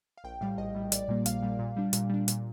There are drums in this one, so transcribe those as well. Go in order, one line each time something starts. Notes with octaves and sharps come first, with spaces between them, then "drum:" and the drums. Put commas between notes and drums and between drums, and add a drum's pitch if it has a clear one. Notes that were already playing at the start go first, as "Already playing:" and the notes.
F5
A#1 G5
A2 G3 F5
A#1 D#5
A2 G3
A#1 D5, drum: hi-hat
A#2 G3 A#3
A#1 F5, drum: hi-hat
A#2 G3 A#3
A#2
G3 D4
A#2, drum: hi-hat
G3 D4
A#2, drum: hi-hat